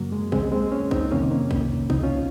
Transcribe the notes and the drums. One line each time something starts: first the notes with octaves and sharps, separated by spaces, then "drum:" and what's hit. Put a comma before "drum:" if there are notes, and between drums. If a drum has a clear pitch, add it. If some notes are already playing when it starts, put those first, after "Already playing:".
Already playing: F#2 C#3 F#3 A#3
G#3
D#2 C#3 G#3 C4, drum: kick
G#3 C4
A#3 C#4
C4 D#4, drum: kick
F2 C3 D#3 A#3 C#4
A#3 C#4
drum: kick
C#2 C#3 C4 D#4, drum: kick
C#4 F4